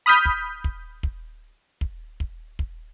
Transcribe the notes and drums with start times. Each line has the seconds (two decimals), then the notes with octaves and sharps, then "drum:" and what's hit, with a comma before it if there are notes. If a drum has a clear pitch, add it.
0.06 B5 D#6 F6 G6 B6
0.25 drum: kick
0.64 drum: kick
1.03 drum: kick
1.81 drum: kick
2.20 drum: kick
2.59 drum: kick